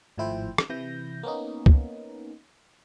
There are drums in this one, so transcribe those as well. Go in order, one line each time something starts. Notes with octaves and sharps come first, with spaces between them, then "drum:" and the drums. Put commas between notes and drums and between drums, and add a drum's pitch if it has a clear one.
G#1 A2 F3 E4 C5 G5
drum: rim click
C3 E3 E4 G6 A#6
A#3 B3 C#4 D#4
drum: kick C#2